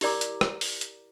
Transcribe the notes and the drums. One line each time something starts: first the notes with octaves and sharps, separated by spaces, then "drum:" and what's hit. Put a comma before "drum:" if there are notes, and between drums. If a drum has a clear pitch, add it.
E4 G4 A#4 D5 A#5 D6, drum: open hi-hat
drum: hi-hat
drum: rim click
drum: open hi-hat
drum: hi-hat